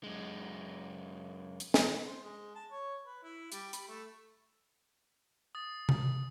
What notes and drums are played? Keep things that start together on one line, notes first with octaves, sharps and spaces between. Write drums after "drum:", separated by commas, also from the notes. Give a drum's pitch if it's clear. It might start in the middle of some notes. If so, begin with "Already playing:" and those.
F#2 G#3
drum: hi-hat
drum: snare
C5
G#3
A5
C#5
B4
E4
G3, drum: hi-hat
B5, drum: hi-hat
A3
D#6 A6
drum: tom C3